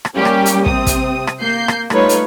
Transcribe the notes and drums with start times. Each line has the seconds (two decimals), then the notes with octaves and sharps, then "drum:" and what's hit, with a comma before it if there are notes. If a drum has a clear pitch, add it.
0.05 drum: rim click
0.16 G3 A#3 C#4 G4
0.25 drum: rim click
0.46 drum: hi-hat
0.66 C3 C4 D#6, drum: kick
0.86 drum: kick, hi-hat
1.27 drum: rim click
1.40 A#3 G6 C7
1.68 drum: rim click
1.90 G3 A3 D#4 F4 B4 C#5, drum: rim click
2.09 drum: hi-hat